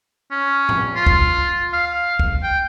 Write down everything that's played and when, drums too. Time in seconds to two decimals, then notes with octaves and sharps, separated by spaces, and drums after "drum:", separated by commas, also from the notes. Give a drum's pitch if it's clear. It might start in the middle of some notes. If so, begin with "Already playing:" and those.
0.31 C#4
0.69 drum: tom A2
0.96 F4
1.06 drum: kick
1.73 F5
2.19 drum: kick
2.43 G5